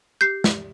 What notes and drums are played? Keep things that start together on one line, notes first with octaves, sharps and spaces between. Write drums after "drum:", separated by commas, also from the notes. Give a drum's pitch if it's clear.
G4 G6 C7
drum: snare